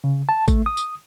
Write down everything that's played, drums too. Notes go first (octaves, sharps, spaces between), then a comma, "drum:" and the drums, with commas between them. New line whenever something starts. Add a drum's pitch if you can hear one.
C#3
A5
A3, drum: kick, tambourine
D#6
drum: tambourine